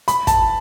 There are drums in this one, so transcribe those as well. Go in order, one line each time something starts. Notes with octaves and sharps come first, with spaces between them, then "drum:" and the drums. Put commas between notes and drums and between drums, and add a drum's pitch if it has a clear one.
B5, drum: hi-hat
A5, drum: kick, hi-hat